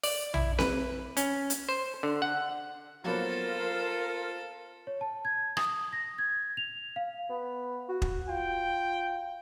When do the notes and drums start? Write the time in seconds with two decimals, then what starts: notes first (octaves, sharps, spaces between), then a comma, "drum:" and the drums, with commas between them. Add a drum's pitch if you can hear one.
0.03 D5, drum: open hi-hat
0.34 E4, drum: tom A#1
0.59 B4, drum: snare C4
1.17 C#4, drum: hi-hat
1.50 drum: hi-hat
1.69 C5
2.03 D3
2.22 F#5
3.04 F#3 A#3 B3 F4 A4 A#4 C5
4.87 C#5
5.01 A5
5.25 G#6
5.57 D#6, drum: rim click
5.93 A#6
6.18 G#6
6.57 F7
6.96 F5
7.30 B3
7.89 F#4
8.02 drum: kick
8.29 F4 G5